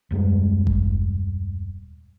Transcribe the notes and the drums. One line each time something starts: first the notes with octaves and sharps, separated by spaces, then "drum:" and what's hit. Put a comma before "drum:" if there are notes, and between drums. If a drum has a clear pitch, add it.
D#1 F#2 G3 G#3
drum: kick G1